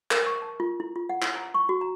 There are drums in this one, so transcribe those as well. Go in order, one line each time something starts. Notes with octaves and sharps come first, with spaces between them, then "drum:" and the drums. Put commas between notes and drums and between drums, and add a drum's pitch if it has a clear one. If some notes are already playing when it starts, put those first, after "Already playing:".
A#4, drum: clap
C#6
A5
F4
E4
F4
F#5
E4, drum: clap
A#5
C#6
F#4
A#5